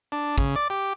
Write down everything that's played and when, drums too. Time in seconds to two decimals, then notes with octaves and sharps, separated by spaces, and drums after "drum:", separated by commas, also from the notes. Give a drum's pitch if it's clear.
0.12 D4
0.38 C#3, drum: kick
0.56 D5
0.70 G4